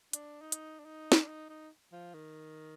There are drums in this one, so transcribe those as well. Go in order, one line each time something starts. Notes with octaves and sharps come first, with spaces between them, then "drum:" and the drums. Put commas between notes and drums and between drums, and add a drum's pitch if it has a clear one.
D4, drum: hi-hat
D#4
drum: hi-hat
D4
D#4
drum: snare
D4
D#4
D#4
F3
D#3